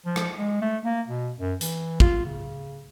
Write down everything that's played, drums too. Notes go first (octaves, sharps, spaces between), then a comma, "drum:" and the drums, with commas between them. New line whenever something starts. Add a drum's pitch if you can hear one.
F3
drum: rim click
G#3
A3
A#3
B2
F#2
E3, drum: hi-hat
F4, drum: kick
C#3